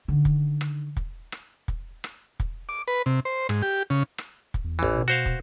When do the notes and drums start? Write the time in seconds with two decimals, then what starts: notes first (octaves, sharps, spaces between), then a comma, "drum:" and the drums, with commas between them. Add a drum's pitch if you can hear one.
0.08 D3 D#3
0.25 drum: kick
0.61 drum: rim click
0.97 drum: kick
1.32 drum: rim click
1.68 drum: kick
2.04 drum: rim click
2.40 drum: kick
2.69 D6
2.88 B4
3.06 C3
3.25 C5
3.49 G#2, drum: rim click
3.62 G4
3.90 C#3
4.18 drum: rim click
4.54 drum: kick
4.64 E2
4.79 A1 E3
4.95 B2
5.08 F#4 C5 F5
5.26 drum: kick